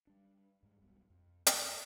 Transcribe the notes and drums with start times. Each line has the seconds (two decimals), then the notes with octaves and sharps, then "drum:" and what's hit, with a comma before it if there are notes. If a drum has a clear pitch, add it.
0.07 G3 D4
0.63 G2 G3 G#3
0.81 D1 B1 B2 G3
1.10 F2
1.47 F#2, drum: hi-hat